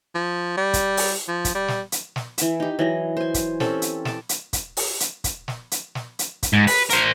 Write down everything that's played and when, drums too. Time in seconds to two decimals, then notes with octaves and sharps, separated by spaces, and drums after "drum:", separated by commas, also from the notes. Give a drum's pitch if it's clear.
0.15 F3
0.57 G3
0.73 drum: kick, hi-hat
0.97 drum: open hi-hat
1.28 F3
1.45 drum: kick, hi-hat
1.55 G3
1.68 drum: snare
1.92 drum: hi-hat
2.16 drum: snare
2.38 E3 E5, drum: hi-hat
2.60 D#4 G4
2.79 E3 F#3 D#5
3.17 C5 G#5
3.34 drum: kick, hi-hat
3.60 C4 C#4 G4 A4, drum: snare
3.82 drum: hi-hat
4.05 A5 D6, drum: snare
4.29 drum: hi-hat
4.53 drum: kick, hi-hat
4.77 drum: open hi-hat
5.00 drum: hi-hat
5.24 drum: kick, hi-hat
5.48 drum: snare
5.71 drum: hi-hat
5.95 drum: snare
6.19 drum: hi-hat
6.43 drum: kick, hi-hat
6.53 G#2
6.67 B4, drum: open hi-hat
6.90 A#4 C5, drum: hi-hat